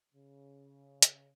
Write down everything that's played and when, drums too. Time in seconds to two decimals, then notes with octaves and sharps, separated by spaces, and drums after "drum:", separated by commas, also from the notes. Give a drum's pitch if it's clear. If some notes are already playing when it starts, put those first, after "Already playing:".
0.14 C#3
1.02 drum: hi-hat